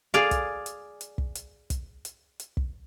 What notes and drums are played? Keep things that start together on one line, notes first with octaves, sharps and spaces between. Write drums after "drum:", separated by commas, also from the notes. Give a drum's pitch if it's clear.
G#4 D5 F5
drum: kick, hi-hat
drum: hi-hat
drum: hi-hat
drum: kick
drum: hi-hat
drum: kick, hi-hat
drum: hi-hat
drum: hi-hat
drum: kick